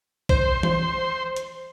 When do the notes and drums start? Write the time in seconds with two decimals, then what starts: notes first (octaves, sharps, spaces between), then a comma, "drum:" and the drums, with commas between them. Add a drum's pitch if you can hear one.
0.29 C5 C6, drum: kick
0.63 drum: tom E3
1.36 drum: hi-hat